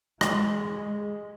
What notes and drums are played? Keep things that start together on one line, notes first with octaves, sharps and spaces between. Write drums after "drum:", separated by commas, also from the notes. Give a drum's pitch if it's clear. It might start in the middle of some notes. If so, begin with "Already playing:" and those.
G#3, drum: rim click